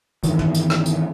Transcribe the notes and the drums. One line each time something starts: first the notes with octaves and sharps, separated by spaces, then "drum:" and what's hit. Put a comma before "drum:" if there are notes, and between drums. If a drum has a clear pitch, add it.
G2 D#3 E3, drum: hi-hat
drum: tom
drum: hi-hat
drum: rim click
drum: hi-hat